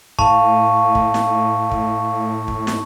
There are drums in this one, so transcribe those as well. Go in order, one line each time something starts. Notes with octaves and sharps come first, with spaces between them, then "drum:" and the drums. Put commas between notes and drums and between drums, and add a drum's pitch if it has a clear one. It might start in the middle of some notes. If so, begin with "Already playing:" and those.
A2 F5 A5 C#6, drum: kick
drum: kick
drum: snare
drum: kick
drum: kick
drum: snare